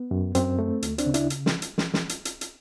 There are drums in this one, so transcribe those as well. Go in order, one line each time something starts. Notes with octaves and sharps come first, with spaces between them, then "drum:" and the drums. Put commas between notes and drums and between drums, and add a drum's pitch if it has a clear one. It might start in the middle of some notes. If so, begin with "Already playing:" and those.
Already playing: B3
F#2
F#2 C4, drum: hi-hat
A3
D2, drum: hi-hat
C4 D4, drum: hi-hat
C#3
D4 E4, drum: hi-hat
drum: hi-hat
drum: snare
drum: hi-hat
drum: snare
drum: snare
drum: hi-hat
drum: hi-hat
drum: hi-hat